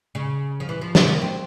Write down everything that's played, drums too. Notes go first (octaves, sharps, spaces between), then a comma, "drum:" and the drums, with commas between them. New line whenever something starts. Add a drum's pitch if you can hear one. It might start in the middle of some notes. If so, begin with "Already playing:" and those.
C#3
F3
E3
F3
C#3, drum: snare
A#3
C4